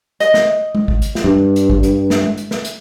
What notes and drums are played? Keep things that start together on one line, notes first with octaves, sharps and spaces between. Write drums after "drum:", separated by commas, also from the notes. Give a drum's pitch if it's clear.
D#5, drum: hi-hat
drum: snare
drum: tom G#3
drum: kick
drum: hi-hat
drum: snare
G2
drum: hi-hat
drum: kick
drum: hi-hat
drum: snare
drum: tom G#3
drum: hi-hat
drum: snare
drum: hi-hat